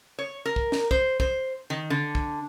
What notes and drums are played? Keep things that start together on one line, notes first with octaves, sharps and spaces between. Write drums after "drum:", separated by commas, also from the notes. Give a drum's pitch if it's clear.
C#5
A#4
drum: kick
drum: snare
C5, drum: kick
C5, drum: kick
D#3
D3
drum: kick